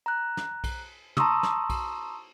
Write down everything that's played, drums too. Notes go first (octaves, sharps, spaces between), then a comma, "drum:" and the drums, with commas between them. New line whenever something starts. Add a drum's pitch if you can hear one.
A#5 F#6
drum: snare
drum: kick B1, cymbal
A5 A#5 C6 C#6 D#6 E6, drum: tom
drum: snare
drum: kick B1, cymbal